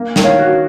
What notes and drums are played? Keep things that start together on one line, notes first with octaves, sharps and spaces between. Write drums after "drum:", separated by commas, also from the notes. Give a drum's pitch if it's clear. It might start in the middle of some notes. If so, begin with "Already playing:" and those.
Already playing: A#3
D#3, drum: snare
C#5 F5
F#4